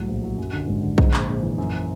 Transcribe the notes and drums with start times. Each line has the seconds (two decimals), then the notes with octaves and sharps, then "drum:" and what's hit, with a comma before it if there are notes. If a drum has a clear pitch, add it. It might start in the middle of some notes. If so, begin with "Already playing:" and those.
Already playing: C2 A2 F#3
0.08 A#1
0.24 F#3
0.38 F#2
0.53 D3
0.68 G#1
0.83 D3
0.98 G#2, drum: kick
1.14 A#1, drum: clap
1.28 A#1
1.42 E3
1.58 F#2